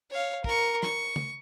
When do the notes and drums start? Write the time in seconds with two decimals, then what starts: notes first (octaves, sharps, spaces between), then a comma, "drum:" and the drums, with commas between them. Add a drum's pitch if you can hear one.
0.10 C#5 F5
0.44 A#4 C#6, drum: kick
0.83 C#6, drum: snare
1.16 drum: tom C#3